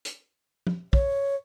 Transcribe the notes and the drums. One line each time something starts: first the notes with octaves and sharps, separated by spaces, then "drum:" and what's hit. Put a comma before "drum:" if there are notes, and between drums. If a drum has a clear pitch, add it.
drum: hi-hat
drum: tom F3
C#5, drum: kick